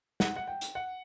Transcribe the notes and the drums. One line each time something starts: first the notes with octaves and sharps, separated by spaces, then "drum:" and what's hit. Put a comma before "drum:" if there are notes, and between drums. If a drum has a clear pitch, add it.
F#5, drum: snare
F#5
G5
drum: hi-hat
F#5